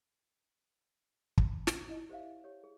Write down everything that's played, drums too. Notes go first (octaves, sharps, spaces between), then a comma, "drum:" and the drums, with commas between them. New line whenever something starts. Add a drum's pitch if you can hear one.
drum: kick
drum: snare
E4 D5 D#5
G4 C5 D5 E5 F5
G4 C#5
G#4